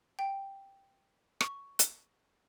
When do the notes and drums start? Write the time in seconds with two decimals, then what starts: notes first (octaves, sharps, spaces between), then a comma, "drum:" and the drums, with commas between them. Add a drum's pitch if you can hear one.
0.19 G5
1.41 C#6, drum: rim click
1.79 drum: hi-hat